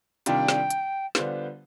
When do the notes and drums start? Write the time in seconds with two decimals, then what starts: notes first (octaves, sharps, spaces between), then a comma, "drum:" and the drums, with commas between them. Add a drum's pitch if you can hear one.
0.26 C3 D#3 G3 D4 F4 G5, drum: hi-hat
0.48 drum: snare
0.70 drum: hi-hat
1.15 D3 G3 B3 F4 C5, drum: snare